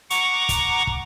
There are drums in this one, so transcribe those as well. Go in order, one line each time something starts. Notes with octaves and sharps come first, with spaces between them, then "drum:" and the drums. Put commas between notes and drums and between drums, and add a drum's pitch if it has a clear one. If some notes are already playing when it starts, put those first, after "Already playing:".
F#5 A#5 C#6 D6, drum: hi-hat
drum: kick, hi-hat
drum: kick